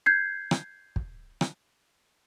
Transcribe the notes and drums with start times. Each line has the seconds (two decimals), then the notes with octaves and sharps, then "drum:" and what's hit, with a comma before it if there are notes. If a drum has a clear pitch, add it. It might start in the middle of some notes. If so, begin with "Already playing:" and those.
0.06 G6 G#6 C7
0.51 drum: rim click
0.96 drum: kick
1.41 drum: rim click